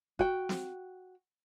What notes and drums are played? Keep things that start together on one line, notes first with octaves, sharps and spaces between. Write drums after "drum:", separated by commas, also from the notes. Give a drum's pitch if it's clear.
F#4 G5, drum: kick
drum: snare